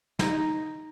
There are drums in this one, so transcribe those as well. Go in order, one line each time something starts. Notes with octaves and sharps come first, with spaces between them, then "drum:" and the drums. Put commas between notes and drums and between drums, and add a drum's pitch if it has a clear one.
D#4, drum: snare